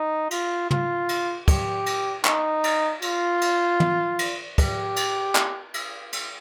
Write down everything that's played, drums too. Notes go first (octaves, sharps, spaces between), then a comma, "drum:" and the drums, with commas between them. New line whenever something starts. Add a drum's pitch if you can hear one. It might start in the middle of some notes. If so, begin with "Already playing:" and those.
Already playing: D#4
F4, drum: cymbal
F4, drum: tom
drum: cymbal
G4, drum: kick, cymbal
drum: cymbal
D#4, drum: clap
drum: cymbal
F4, drum: cymbal
drum: cymbal
drum: tom
drum: cymbal
G4, drum: kick, cymbal
drum: cymbal
drum: clap
drum: cymbal
drum: cymbal